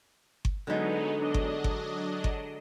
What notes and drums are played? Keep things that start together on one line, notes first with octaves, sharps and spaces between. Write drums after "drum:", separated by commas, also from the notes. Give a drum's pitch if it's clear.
drum: kick G1
D3 F#3 G#3 B3 D#4
F#3 D4 D#5
drum: kick G1
drum: kick G1
drum: kick G1